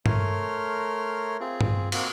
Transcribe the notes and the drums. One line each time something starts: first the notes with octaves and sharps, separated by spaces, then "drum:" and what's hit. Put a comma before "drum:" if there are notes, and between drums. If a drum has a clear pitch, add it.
A3 A#4 C#5 C6 F6, drum: tom G2
C4 F4 G#4
drum: tom G2
A#3 C4 F4 F#4, drum: cymbal